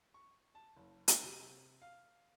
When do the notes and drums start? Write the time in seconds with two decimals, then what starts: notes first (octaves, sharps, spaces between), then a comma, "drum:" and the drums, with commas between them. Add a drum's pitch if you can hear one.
0.14 C#6
0.55 A5
0.77 F#1
1.08 drum: hi-hat
1.23 C3
1.82 F5